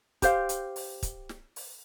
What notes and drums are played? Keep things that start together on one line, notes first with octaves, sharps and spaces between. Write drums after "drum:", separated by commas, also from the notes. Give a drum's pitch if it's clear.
G4 C5 F5, drum: kick, hi-hat
drum: hi-hat
drum: open hi-hat
drum: kick, hi-hat
drum: snare
drum: open hi-hat